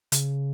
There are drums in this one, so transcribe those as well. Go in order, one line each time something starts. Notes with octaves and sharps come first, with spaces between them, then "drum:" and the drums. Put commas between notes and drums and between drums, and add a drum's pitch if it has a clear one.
C#3, drum: hi-hat